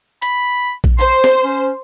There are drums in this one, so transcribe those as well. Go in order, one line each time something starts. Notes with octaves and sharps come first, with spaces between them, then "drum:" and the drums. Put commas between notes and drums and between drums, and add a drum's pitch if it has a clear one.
B5, drum: hi-hat
drum: kick A#1
C5 C6
drum: snare
C#4